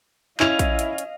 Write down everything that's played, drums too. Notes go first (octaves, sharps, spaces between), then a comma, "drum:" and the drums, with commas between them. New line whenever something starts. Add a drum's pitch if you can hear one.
C#4 E4 D#5 F5 F7, drum: clap
drum: kick, hi-hat
drum: hi-hat
drum: hi-hat